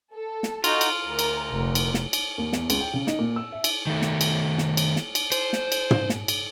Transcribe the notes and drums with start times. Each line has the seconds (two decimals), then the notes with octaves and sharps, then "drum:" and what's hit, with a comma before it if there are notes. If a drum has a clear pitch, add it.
0.14 A4
0.43 drum: snare
0.64 D#4 F4 F#4, drum: cymbal
0.81 drum: cymbal
1.03 D2 A#4
1.19 drum: cymbal
1.52 F1
1.75 drum: cymbal
1.94 drum: snare
2.13 drum: cymbal
2.38 D#2
2.53 E2, drum: snare
2.70 C#2, drum: cymbal
2.81 G5
2.93 C#3
3.07 D#4, drum: snare
3.19 A#2
3.36 E6
3.52 E5
3.64 drum: cymbal
3.87 D#3 A3
4.02 drum: snare
4.21 drum: cymbal
4.58 drum: snare
4.77 drum: cymbal
4.96 drum: snare
5.15 drum: cymbal
5.32 C5, drum: cymbal
5.53 drum: snare
5.72 drum: cymbal
5.91 drum: tom
6.09 drum: snare
6.28 drum: cymbal